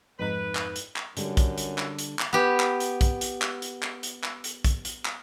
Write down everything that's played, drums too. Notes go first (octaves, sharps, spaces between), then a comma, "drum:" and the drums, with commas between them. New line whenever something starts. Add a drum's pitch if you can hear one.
F2 G#2 D#4 B4
drum: clap
drum: hi-hat
drum: clap
F#2 D3 G3, drum: hi-hat
drum: kick, hi-hat
drum: hi-hat
drum: clap
drum: hi-hat
drum: clap
B3 G4
drum: clap
drum: hi-hat
drum: kick, hi-hat
drum: hi-hat
drum: clap
drum: hi-hat
drum: clap
drum: hi-hat
drum: clap
drum: hi-hat
drum: kick, hi-hat
drum: hi-hat
drum: clap